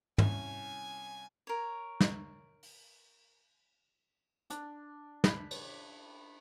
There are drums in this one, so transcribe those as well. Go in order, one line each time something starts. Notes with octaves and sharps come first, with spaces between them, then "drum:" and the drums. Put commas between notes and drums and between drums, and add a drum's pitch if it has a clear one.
C2 C#4 G#5, drum: tom
A#4 C#5
drum: snare
drum: open hi-hat
D4, drum: hi-hat
B5, drum: snare
drum: cymbal